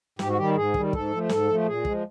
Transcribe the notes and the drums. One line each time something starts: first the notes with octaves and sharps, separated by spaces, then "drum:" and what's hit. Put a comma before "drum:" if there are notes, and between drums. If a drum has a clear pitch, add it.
G#2 G4, drum: snare
F#4
D#3 G3 G4
G#2 G#4
D#3 G3, drum: kick
G#2 A4, drum: kick
F3 A3
G#2 A4, drum: snare
F3 A3
A#2 G#4
F3 G#3, drum: kick